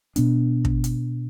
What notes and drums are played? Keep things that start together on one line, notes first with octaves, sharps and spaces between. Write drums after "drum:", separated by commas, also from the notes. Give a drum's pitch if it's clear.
B2 B3 D4, drum: hi-hat
drum: kick
drum: hi-hat